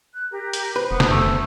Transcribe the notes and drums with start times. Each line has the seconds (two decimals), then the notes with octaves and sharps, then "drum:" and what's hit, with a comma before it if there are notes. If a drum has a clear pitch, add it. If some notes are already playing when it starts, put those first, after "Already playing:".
0.13 F#6
0.30 G4 A#4
0.53 drum: hi-hat
0.76 B4 C5
0.91 E1 B3
1.00 drum: snare
1.09 F2 A3